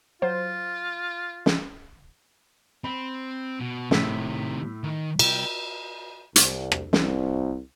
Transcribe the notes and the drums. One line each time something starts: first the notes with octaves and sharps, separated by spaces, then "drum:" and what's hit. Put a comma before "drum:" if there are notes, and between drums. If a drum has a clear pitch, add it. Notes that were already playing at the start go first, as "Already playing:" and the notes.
F#3 F4 C5
drum: snare
C4 B5
B2
A2 C3 D#3 E6 B6, drum: snare
D#3
C2 G5, drum: cymbal
C2, drum: hi-hat
drum: rim click
C2, drum: snare